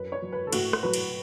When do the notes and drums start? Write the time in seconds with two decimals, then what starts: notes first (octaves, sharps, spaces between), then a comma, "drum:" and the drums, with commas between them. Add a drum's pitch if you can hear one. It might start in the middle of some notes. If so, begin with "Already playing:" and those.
Already playing: F#2 B4
0.12 C#5
0.22 F#3
0.32 B4
0.47 A4
0.53 A2 F#4, drum: cymbal
0.73 drum: rim click
0.83 F#3 B4
0.94 drum: cymbal